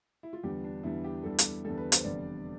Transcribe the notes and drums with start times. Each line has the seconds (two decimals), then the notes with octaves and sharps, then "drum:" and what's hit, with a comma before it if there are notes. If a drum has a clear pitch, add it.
0.23 E4
0.33 F4
0.43 E2 D3 G3 G4
0.64 D4
0.83 E2 D3 G3 E4
1.04 G4
1.23 E2 D3 G3 A4
1.39 drum: hi-hat
1.65 E2 D3 G3 A4
1.78 B4
1.92 C5, drum: hi-hat
2.04 F1 E2 D3 G3 D5